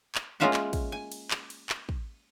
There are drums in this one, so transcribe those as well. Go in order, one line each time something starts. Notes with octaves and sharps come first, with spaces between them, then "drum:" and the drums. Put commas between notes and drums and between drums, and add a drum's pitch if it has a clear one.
drum: clap
G#3 A#3 C#4 F4 E5 F#5
drum: clap
drum: kick, cymbal
G#5
drum: cymbal
drum: clap
drum: cymbal
drum: clap
drum: kick